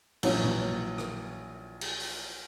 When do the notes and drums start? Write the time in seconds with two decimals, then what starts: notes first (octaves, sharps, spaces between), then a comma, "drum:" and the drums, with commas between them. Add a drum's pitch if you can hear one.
0.23 A#1 E3 F#3 C#4 C#5, drum: cymbal
0.44 drum: tom B2
0.98 drum: rim click
1.81 drum: cymbal
2.00 drum: open hi-hat